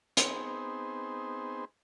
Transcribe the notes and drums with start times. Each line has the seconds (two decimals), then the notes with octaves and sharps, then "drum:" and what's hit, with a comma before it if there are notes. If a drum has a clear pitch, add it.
0.17 B3 C4 D#4 G#4 C5, drum: hi-hat